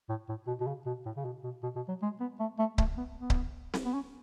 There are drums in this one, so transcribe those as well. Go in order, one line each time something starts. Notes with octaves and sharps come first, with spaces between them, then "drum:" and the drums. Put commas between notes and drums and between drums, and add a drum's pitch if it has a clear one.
A2
A2
B2
B2
C#3
B2
A2
C#3
B2
B2
B2
B2
F#3
G#3
B3
A3
A3
A3, drum: kick C#1
B3
B3
drum: kick C#1
drum: snare C4
B3
C#4